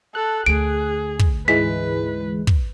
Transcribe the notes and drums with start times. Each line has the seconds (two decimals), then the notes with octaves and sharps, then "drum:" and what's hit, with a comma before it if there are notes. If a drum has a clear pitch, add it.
0.15 A4 F#6
0.46 D2 G#4 D7
1.19 drum: kick
1.48 G#2 E3 G#3 B4 B6
2.47 drum: kick